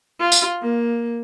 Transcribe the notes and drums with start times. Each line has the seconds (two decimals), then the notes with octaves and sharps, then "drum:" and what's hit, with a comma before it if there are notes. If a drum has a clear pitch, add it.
0.20 F4
0.32 drum: tambourine
0.62 A#3